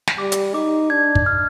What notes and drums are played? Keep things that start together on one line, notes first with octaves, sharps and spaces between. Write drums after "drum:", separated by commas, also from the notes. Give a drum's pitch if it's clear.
drum: snare
G3 D6
drum: hi-hat
D#4 D6
D4 G#6
drum: kick
F6